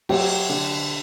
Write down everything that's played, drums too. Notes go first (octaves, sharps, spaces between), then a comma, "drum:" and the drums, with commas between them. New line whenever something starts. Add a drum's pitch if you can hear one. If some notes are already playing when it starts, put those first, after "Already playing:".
F#3 G4, drum: cymbal
D3